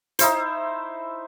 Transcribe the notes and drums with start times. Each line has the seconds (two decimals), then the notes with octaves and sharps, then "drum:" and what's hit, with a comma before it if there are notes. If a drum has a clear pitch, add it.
0.19 D#4 E4 C5, drum: hi-hat